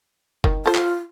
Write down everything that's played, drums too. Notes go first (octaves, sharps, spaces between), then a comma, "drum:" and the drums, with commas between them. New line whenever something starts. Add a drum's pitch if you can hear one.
D#3, drum: kick F#1
F4 A4 C5
drum: clap